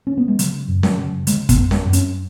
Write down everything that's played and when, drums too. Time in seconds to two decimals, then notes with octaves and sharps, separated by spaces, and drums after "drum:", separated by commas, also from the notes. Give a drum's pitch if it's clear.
0.07 C#4
0.17 B3
0.28 G#3
0.39 C#3 F#3, drum: hi-hat
0.68 F#2
0.83 F#3, drum: snare C#4
0.98 C#3
1.27 C#3 G#3, drum: hi-hat
1.49 B3, drum: kick, hi-hat
1.56 F#2
1.71 drum: snare C#4
1.86 F#2
1.93 C#4, drum: hi-hat